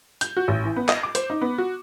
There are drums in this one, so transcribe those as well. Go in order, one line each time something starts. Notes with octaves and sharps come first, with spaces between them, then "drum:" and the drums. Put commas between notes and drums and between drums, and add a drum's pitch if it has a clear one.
G6, drum: hi-hat
F#4
A1
E3
B3
D#5, drum: clap
D6
C5, drum: hi-hat
D#4
B3
F#4